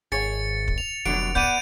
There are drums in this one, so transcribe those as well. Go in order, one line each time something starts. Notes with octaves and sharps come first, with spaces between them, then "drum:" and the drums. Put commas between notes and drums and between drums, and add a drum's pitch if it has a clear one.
G#1 G#4 C#5 A6 C#7
drum: kick
F7
F1 B2 D3 F#3 D7
B3 D5 F#5 G6 D#7, drum: kick